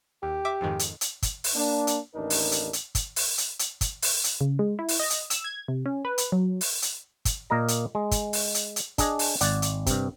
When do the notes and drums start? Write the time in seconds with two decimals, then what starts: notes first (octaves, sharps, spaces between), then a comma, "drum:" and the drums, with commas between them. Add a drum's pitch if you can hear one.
0.23 D#2 G4
0.45 E5 D6
0.61 F2 G#2 D#3
0.79 drum: hi-hat
1.01 drum: hi-hat
1.22 drum: kick, hi-hat
1.44 drum: open hi-hat
1.55 A#3 D4
1.87 drum: hi-hat
2.15 A1 D#2 D4 D#4 A#4
2.30 drum: open hi-hat
2.52 drum: hi-hat
2.73 drum: hi-hat
2.95 drum: kick, hi-hat
3.16 drum: open hi-hat
3.38 drum: hi-hat
3.59 drum: hi-hat
3.81 drum: kick, hi-hat
4.02 drum: open hi-hat
4.24 drum: hi-hat
4.41 C#3
4.59 G#3
4.79 E4
4.88 drum: open hi-hat
5.00 D#5
5.10 drum: hi-hat
5.30 E6, drum: hi-hat
5.44 G#6
5.68 C3
5.86 C#4
6.05 B4
6.18 drum: hi-hat
6.32 F#3
6.61 drum: open hi-hat
6.82 drum: hi-hat
7.25 drum: kick, hi-hat
7.50 A#2 A#3 A#4 D#5 A#5
7.68 drum: hi-hat
7.95 G#3
8.11 drum: kick, hi-hat
8.33 drum: open hi-hat
8.54 drum: hi-hat
8.76 drum: hi-hat
8.98 D4 G#4 D#5, drum: kick, hi-hat
9.19 drum: open hi-hat
9.41 G#1 D5 F#5, drum: hi-hat
9.62 drum: hi-hat
9.86 G2 C3, drum: kick, hi-hat